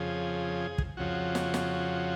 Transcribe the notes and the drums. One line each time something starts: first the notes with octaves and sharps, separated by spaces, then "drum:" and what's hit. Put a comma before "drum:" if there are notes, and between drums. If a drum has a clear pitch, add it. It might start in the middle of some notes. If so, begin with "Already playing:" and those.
Already playing: F2 C#3 F3 G#4
drum: kick
F2 C#3 F3 F#4
drum: snare
drum: snare